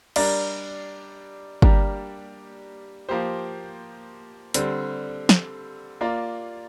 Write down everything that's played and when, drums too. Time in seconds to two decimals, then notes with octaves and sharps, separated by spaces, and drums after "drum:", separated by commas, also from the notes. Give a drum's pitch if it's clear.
0.16 G3 D4 A#4 D5, drum: cymbal
1.62 G3 A#3 D4 G4 A#4, drum: kick G1
3.09 F3 A#3 G4 C5
4.54 D3 G3 C4, drum: hi-hat
5.29 drum: snare
6.01 A#3 F4 A#4 D5